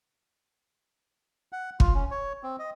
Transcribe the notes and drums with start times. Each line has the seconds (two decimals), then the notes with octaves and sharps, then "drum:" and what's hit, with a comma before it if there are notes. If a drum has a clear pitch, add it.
1.53 F#5
1.80 F4, drum: kick
1.95 C#4
2.11 C#5
2.43 C4
2.59 D#5